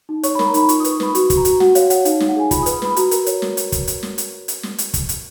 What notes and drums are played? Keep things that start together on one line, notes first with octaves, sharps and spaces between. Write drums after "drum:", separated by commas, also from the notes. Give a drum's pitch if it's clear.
D#4
C#5 C#6, drum: hi-hat
B5
A#4, drum: snare
A#5
D#4 B5, drum: hi-hat
F4 C#6, drum: hi-hat
D#6
B4, drum: hi-hat
C#6
B4 B5, drum: snare
F#4 C#6, drum: hi-hat
F#4, drum: kick, hi-hat
A#5
F#4, drum: hi-hat
F#4 F#5, drum: snare
C#5 F5, drum: hi-hat
C#5 F#5, drum: hi-hat
D#4 F5, drum: hi-hat
D#4, drum: snare
F#5
G#4 G#5
F4 B5, drum: kick, hi-hat
D#6
B4, drum: hi-hat
B4 B5, drum: snare
F#4 A#5, drum: hi-hat
A#4, drum: hi-hat
C#5, drum: hi-hat
drum: snare
drum: hi-hat
drum: kick, hi-hat
drum: hi-hat
drum: snare
drum: hi-hat
drum: hi-hat
drum: snare
drum: hi-hat
drum: kick, hi-hat
drum: hi-hat